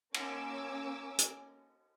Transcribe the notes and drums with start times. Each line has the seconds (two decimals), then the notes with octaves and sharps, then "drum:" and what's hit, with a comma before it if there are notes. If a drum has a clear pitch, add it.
0.14 A#3 C#4 G#5 D6 E6, drum: cymbal
1.19 drum: hi-hat